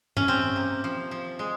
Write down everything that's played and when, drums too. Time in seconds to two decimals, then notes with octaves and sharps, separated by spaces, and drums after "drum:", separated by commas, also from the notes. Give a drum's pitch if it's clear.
0.17 C#4, drum: tom G2
0.28 C3 C4
0.56 A#3
0.84 F3
1.11 F3
1.39 G#3